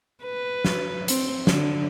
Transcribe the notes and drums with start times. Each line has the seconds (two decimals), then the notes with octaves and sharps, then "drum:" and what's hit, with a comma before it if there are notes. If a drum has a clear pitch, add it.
0.25 B4
0.65 drum: snare
1.08 C4, drum: hi-hat
1.47 D3, drum: snare